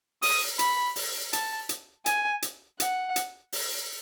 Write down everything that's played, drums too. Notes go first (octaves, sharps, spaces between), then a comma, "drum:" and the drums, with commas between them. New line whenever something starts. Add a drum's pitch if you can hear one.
D#6, drum: open hi-hat
B5, drum: hi-hat
drum: open hi-hat
A5, drum: hi-hat
drum: hi-hat
G#5, drum: hi-hat
drum: hi-hat
F#5, drum: hi-hat
drum: hi-hat
drum: open hi-hat